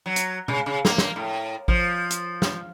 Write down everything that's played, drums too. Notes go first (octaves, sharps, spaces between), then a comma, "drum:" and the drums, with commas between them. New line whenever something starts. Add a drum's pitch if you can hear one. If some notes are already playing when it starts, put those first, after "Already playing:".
F#3
drum: hi-hat
C#3, drum: tom B2
C#3
A#3, drum: snare
drum: snare
A2
F3, drum: kick A1
drum: hi-hat
drum: snare